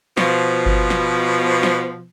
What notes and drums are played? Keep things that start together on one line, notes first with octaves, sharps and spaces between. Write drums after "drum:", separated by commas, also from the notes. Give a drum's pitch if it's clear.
B2 F3, drum: snare
drum: kick G1
drum: snare
drum: snare